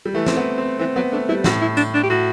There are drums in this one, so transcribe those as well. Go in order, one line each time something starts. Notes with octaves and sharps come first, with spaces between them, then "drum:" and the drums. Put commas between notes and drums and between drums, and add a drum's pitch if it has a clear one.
G3
E3 A3
C4, drum: snare
B3
C4
E3 C4
F#3 B3
A3 D4
G3 E4
A2 F#4, drum: snare
E4
D4, drum: tambourine
D4
G4
A2 F#4